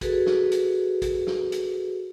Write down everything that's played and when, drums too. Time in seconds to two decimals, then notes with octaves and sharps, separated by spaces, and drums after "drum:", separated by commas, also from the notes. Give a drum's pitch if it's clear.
0.01 F#4 G#4 A4 B4, drum: kick, hi-hat
0.26 drum: snare
0.52 drum: hi-hat
1.02 drum: kick, hi-hat
1.27 drum: snare
1.52 drum: hi-hat